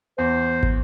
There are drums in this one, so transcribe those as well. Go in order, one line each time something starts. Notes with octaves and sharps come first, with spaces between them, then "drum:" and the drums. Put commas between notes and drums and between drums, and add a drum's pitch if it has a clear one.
E2 C5
drum: kick